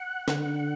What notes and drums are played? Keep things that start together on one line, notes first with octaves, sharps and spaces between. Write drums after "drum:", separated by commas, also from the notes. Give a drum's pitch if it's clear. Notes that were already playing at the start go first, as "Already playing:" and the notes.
Already playing: F#5
D3, drum: snare